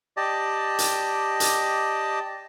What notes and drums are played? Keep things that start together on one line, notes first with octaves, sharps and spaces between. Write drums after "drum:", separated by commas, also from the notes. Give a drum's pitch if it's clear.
G4 D5 D#5 A5
drum: hi-hat
drum: hi-hat